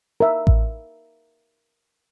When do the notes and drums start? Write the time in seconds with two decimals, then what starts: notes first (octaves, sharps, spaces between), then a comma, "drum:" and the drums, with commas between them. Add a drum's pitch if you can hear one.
0.20 A#4 E5
0.47 drum: kick A1